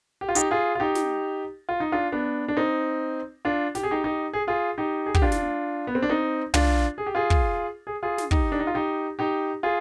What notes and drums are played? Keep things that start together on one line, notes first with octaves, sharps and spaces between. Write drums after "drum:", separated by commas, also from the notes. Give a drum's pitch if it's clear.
G4
F4
D#4 G4, drum: hi-hat
F4 G#4
F4
D#4 G4
drum: snare
F4
D#4
D4 F4
B3 D4
D4
C4 D#4
D4 F4
G4, drum: snare
G#4
D#4 G4
D#4 G4
G#4
F4 G#4
D#4 G4
G#4
G4, drum: kick
D4 F4
drum: snare
B3
C4
D4
C4 D#4
D4 F4, drum: tom
G#4
G4
F4 G#4
drum: kick
G#4
F4 G#4
drum: snare
D#4 G4, drum: kick
D4
D#4
F4
D#4 G4
D#4 G4
F4 G#4